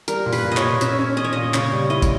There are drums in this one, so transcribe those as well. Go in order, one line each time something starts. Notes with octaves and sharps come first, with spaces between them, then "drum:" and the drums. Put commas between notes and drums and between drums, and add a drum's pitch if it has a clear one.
G3 A#4, drum: hi-hat
A#2
B4, drum: open hi-hat
A#2
D#5
C#5, drum: clap
A#2
C#4 E5, drum: hi-hat
C#4
C#4 D#5
C#5
A#2 D#5
C#3 C#5, drum: clap
G3
E4 D#5
drum: kick, hi-hat